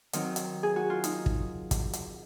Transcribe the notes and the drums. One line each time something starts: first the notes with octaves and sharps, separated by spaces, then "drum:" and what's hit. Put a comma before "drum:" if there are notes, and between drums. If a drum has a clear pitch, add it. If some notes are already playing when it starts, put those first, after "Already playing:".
D#3 F#3 C4 D#4, drum: hi-hat
drum: hi-hat
G#4
F#4
F4
D#4, drum: hi-hat
drum: kick
drum: kick, hi-hat
drum: hi-hat